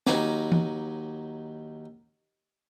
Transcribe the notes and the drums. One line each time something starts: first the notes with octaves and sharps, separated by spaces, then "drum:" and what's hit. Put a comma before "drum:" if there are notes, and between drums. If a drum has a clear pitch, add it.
D#2 F#3 D#4 G#5 B5 D6, drum: snare
drum: tom